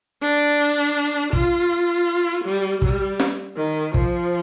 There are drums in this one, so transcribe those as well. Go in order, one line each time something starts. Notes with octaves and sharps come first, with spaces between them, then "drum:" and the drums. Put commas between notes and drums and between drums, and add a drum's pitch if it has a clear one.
D4
F4, drum: kick
G3
G3, drum: kick
drum: snare
D#3
F3, drum: kick